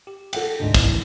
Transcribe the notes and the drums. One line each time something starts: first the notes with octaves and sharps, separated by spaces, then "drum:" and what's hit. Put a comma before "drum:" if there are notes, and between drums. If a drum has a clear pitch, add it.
G4
A4 F#5 G5, drum: cymbal
D2 G#2 C3 G#3 D4
E3, drum: kick, cymbal